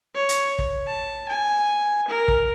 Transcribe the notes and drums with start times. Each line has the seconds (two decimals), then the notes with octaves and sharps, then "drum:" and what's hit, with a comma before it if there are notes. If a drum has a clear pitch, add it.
0.15 C#5
0.29 drum: hi-hat
0.59 drum: kick
0.87 A5
1.29 G#5
2.08 A#4
2.28 drum: kick